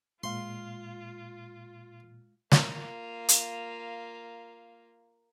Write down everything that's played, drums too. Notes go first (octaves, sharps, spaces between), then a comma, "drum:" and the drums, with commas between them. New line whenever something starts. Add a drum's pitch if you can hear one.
A#2 G#3 F4 F5 C6
A#3 F4, drum: snare
drum: hi-hat